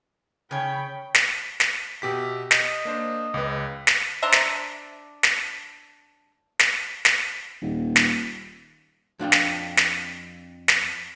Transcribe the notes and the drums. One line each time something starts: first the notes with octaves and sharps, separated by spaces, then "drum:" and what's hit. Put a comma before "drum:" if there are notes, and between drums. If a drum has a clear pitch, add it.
C#3 C#5 G5 B5
drum: snare
drum: snare
B2 G4 E5 B6
D#5 G6, drum: snare
A#3 D4 C5
C#2 B4
drum: snare
D4 C5 E5 A#5
drum: snare
drum: snare
drum: snare
drum: snare
D#1
drum: snare
F2 D4 F5 G5
drum: snare
drum: snare
drum: snare